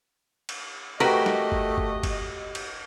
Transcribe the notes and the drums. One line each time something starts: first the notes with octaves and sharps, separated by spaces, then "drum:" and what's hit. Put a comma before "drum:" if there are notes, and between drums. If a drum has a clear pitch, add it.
drum: cymbal
A3 F#4 G4 A#4 B4 D#5, drum: cymbal
drum: snare
drum: kick
drum: kick
drum: kick, cymbal
drum: cymbal